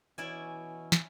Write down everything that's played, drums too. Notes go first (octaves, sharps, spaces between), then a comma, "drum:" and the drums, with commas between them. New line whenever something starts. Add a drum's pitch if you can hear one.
B2 E3 C#4 E4 D5 G#5
drum: snare